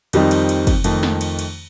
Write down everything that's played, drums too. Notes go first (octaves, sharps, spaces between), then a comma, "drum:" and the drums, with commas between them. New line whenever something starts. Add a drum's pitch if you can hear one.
F2 D#3 G3 C4 D#4, drum: cymbal
drum: cymbal
drum: cymbal
drum: kick, cymbal
F2 D#3 A3, drum: cymbal
drum: snare
drum: cymbal
drum: cymbal